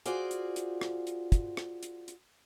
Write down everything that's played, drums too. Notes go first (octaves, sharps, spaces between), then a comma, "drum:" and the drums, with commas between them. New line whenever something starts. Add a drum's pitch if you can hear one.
F4 F#4 G#4 C5 D5, drum: hi-hat
drum: hi-hat
drum: hi-hat
drum: rim click
drum: hi-hat
drum: kick, hi-hat
drum: rim click
drum: hi-hat
drum: hi-hat